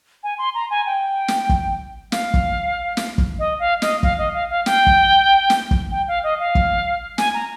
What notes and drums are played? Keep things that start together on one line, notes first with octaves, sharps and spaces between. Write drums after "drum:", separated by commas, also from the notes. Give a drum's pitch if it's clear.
G#5
C6
A#5
G#5
G5
drum: snare
drum: kick
F5, drum: snare
drum: kick
drum: snare
drum: kick
D#5
F5
D#5, drum: snare
F5, drum: kick
D#5
F5
F5
G5, drum: snare
drum: kick
drum: snare
drum: kick
G5
F5
D#5
F5
drum: kick
G#5, drum: snare
A#5